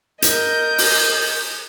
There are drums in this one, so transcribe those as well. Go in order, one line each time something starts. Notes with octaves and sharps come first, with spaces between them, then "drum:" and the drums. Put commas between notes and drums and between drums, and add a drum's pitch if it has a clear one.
A#4 D#5 G6, drum: hi-hat
drum: open hi-hat